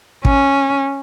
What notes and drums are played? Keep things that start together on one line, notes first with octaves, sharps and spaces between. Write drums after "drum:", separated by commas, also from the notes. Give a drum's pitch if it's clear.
C#4, drum: kick